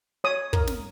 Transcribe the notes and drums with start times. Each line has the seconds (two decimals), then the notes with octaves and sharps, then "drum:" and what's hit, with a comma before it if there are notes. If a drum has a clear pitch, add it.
0.24 C#5 D#6
0.53 A#4, drum: kick
0.67 drum: snare